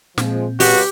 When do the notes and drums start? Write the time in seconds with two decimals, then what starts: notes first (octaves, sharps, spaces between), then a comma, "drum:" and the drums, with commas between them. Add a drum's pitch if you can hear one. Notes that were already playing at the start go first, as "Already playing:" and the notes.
0.18 A#2 F3 G#3 C4, drum: snare
0.60 C#3 G#3 F#4 G4 B4, drum: open hi-hat